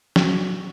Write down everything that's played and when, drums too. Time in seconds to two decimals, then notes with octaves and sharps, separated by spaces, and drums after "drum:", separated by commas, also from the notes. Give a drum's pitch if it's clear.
0.16 F#3, drum: snare